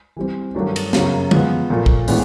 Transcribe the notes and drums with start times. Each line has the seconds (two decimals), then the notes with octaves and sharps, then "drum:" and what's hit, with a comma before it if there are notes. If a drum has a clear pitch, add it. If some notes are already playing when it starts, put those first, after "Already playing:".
0.17 E3 G3 C4
0.55 G2 D#3 F#3 A3 D4
0.76 drum: cymbal
0.93 F#2 C#3 F#3 A#3, drum: snare
1.31 F3 G#3 B3, drum: tom D3
1.70 A#2 F3 A3
1.86 drum: kick
2.08 A2 E3 G#3 B3 D4, drum: open hi-hat